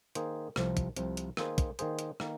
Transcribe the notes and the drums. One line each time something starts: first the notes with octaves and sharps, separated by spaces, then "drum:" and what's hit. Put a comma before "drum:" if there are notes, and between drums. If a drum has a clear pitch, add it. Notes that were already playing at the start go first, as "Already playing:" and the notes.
D#3 A#3 G#4 C5, drum: hi-hat
C2 C3 F3, drum: rim click
drum: kick, hi-hat
C2 C3 F3, drum: hi-hat
drum: hi-hat
D#3 A#3 G#4 C5, drum: rim click
drum: kick, hi-hat
D#3 A#3 G#4 C5, drum: hi-hat
drum: hi-hat
D#3 A#3, drum: rim click